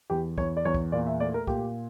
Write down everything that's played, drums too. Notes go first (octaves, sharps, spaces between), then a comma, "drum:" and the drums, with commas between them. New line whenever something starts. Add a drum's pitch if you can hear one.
E2 G4
E2 C#5, drum: kick
D5
E2 C#5
drum: kick
A#2 D5
E5
A3 D5
A#4
A#2 G4, drum: kick